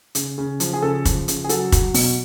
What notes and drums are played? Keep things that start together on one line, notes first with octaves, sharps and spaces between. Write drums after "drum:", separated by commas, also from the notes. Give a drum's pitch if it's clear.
C#3, drum: hi-hat
C#3
F3, drum: hi-hat
G#4
C#3 A4
F3, drum: kick, hi-hat
C#3, drum: hi-hat
G#4
F#3 A4, drum: hi-hat
F#3, drum: kick, hi-hat
B2, drum: open hi-hat